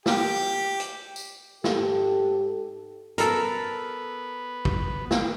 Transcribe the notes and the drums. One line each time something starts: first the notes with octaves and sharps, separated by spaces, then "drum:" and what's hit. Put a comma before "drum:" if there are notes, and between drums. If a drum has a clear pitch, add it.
G4, drum: snare
drum: hi-hat
drum: tambourine
G#2 G4 A4, drum: snare
B3 A4 A#4, drum: hi-hat
drum: kick
drum: snare